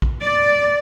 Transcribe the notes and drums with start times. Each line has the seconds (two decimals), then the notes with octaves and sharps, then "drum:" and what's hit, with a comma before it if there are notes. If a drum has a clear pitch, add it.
0.02 drum: kick A#1
0.23 D5